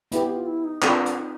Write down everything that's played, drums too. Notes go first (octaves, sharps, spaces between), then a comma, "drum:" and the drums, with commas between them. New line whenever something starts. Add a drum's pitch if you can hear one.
B3 E4 G4, drum: hi-hat
F4
E4
D#4
C4 D4 F4 A4, drum: clap
drum: hi-hat
D#4